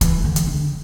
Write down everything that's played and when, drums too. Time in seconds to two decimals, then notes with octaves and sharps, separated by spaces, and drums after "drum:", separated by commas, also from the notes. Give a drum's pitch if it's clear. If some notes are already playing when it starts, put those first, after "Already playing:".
0.01 E3, drum: kick, hi-hat
0.24 D3
0.36 drum: hi-hat
0.47 D3